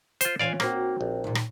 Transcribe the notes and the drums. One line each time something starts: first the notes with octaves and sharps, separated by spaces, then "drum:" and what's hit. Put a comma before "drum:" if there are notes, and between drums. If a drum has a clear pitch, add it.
F4 C5, drum: hi-hat
E3 C#4 F4 D5 F5 G#5
A#3 C4 D#4 F#4, drum: rim click
A#1
D#2 A#2
drum: rim click